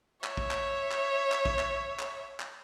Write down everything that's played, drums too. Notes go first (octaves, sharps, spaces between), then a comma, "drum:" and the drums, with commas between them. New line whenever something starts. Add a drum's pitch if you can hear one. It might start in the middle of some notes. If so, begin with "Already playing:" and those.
C#5 E5, drum: clap
drum: kick
drum: clap
drum: clap
drum: clap
drum: kick
drum: clap
drum: clap
drum: clap